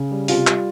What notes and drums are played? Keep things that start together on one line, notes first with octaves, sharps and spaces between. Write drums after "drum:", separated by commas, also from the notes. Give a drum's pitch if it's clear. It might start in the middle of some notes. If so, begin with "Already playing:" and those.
Already playing: C#3
G3
C3 F4, drum: open hi-hat
G3, drum: clap